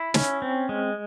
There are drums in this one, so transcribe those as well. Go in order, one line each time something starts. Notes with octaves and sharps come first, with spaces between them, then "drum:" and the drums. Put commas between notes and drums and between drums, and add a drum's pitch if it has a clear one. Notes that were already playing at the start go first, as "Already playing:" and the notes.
Already playing: E4
C#4, drum: snare
C4
G#3